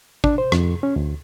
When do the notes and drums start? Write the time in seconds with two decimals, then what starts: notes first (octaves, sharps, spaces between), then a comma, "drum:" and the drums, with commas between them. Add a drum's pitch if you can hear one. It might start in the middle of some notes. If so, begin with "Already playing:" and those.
0.24 D4, drum: kick
0.38 C5
0.52 F2, drum: rim click
0.83 C#4
0.96 D2